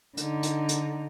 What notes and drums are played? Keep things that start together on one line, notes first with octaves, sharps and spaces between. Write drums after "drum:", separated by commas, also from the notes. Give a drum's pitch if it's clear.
D3 D#4, drum: hi-hat
drum: hi-hat
drum: hi-hat